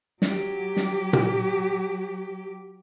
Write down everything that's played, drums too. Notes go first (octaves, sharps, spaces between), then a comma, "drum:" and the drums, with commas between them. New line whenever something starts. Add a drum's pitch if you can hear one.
F#3 G4, drum: snare
drum: snare
drum: tom A#2